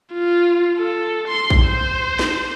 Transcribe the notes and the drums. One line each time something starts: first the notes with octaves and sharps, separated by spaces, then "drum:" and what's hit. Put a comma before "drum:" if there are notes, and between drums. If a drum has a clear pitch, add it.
F4
A4
C6
drum: kick
C5
drum: snare